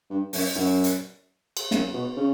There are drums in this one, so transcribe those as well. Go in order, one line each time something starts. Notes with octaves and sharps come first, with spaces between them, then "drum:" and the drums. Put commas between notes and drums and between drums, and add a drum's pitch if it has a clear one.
G2
F#2, drum: open hi-hat
F#2
drum: hi-hat
drum: cymbal
F#2, drum: snare
B2
C#3